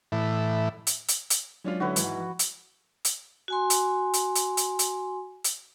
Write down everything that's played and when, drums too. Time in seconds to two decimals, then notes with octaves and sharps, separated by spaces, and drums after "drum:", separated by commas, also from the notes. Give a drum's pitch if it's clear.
0.12 A2 E3
0.87 drum: hi-hat
1.08 drum: hi-hat
1.30 drum: hi-hat
1.65 F#3 G#3 C#4 D4 F4
1.80 D3 C#4 E4 F#4 B4
1.96 G#2 E3, drum: hi-hat
2.17 F3
2.39 drum: hi-hat
3.05 drum: hi-hat
3.48 F#4 G#5 C6
3.70 drum: hi-hat
4.14 drum: hi-hat
4.35 drum: hi-hat
4.57 drum: hi-hat
4.79 drum: hi-hat
5.44 drum: hi-hat